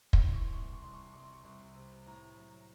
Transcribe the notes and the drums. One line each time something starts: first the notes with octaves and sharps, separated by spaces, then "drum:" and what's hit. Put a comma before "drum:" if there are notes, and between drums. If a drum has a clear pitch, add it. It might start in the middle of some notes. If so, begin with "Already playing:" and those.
drum: kick
E3 C6
C#6
C6
C2 C#6
C6
C#6
C2 C6
C#6
C6
C2 C#6
C6
C#6
C2 C6
C3
A2 A#5
F#3